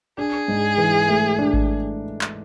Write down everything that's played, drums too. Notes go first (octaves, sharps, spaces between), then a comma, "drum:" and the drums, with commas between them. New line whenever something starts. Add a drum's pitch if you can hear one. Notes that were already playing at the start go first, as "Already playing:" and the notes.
D4 G#4
G#2
E3
A3
D4
drum: kick G#1
drum: clap